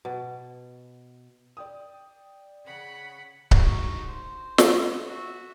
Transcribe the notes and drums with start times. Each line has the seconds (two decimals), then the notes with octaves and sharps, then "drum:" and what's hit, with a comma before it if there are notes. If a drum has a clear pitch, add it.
0.05 B2
1.57 D5 G5 D#6
2.66 C#3 F#5 B5
3.51 D#4 F#4, drum: kick C#1
4.08 C5
4.58 drum: snare
5.06 F#4 E5